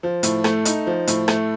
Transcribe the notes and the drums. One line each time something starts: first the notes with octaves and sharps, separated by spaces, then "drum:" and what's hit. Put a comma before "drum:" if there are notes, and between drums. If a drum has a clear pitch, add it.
F3
A2, drum: hi-hat
A3, drum: rim click
D#4, drum: hi-hat
F3
A2, drum: hi-hat
A3, drum: rim click